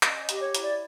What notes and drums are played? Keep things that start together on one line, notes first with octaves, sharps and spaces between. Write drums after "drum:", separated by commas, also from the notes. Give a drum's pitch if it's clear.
C#4 D#5, drum: clap
D#5
G4, drum: hi-hat
C#5
E4, drum: hi-hat
D5